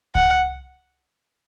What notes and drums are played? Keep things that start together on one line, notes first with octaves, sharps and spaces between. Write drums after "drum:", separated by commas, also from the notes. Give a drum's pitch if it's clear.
F#5, drum: kick C#2